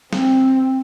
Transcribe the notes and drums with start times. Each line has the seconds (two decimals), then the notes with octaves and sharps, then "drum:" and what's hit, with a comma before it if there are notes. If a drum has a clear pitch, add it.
0.13 C4, drum: snare